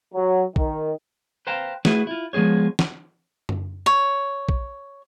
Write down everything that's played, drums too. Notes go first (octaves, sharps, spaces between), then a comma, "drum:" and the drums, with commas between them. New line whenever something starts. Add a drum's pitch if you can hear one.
F#3
D#3, drum: kick A#1
B4 C5 F5 G5 A5 A#5
A3 E4 F#4 G#4 B4, drum: snare
E4 F4
F3 G#3 B3 G#4 C#5
drum: snare
drum: tom F#2
C#5
drum: kick A#1